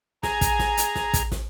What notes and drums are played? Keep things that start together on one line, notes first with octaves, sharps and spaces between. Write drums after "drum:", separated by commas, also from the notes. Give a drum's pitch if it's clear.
G#4 G#5 A#5, drum: snare
drum: kick, hi-hat
drum: snare
drum: hi-hat
drum: snare
drum: kick, hi-hat
drum: snare